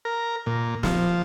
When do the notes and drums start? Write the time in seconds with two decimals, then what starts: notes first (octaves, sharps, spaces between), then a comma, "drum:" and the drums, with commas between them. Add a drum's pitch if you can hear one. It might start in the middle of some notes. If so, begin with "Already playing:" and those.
0.05 A#4
0.46 A#2
0.83 F3, drum: snare